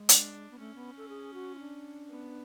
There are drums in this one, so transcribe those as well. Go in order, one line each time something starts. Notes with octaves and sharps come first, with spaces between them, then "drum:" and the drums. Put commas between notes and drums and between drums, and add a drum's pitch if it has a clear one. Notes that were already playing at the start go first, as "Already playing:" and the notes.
Already playing: G#3
D4, drum: hi-hat
B3
A3 C#4
B3
A4
G#4
F#4
F4
D4
B3